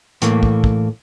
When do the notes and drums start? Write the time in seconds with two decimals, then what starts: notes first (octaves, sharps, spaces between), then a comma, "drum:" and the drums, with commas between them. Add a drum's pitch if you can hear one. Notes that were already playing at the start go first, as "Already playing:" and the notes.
0.22 A2 E3 A3 A#3, drum: hi-hat
0.43 drum: kick
0.64 drum: kick